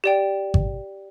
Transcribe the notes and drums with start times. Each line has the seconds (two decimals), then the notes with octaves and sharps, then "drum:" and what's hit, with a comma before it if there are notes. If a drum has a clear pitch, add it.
0.04 G4 D5 G5
0.54 drum: kick G#1